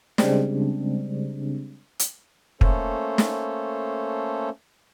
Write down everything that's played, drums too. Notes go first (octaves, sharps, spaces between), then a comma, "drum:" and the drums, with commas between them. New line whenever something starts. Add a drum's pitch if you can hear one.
C#3 G3 G#3 C4 D4, drum: snare
drum: hi-hat
A3 A#3 C#4 A4 C5 C#5, drum: kick
drum: snare